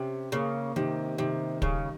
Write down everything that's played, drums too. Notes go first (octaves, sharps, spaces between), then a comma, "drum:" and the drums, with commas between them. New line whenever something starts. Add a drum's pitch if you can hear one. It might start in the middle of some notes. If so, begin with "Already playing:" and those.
Already playing: C3 C#4
C#3 A#3
C3 D#3
C3 D#3
C#3 G3, drum: kick